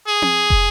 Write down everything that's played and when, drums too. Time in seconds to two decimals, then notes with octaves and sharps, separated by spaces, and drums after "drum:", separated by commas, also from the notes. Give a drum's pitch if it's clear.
0.08 G#4
0.22 drum: tom C4
0.50 drum: kick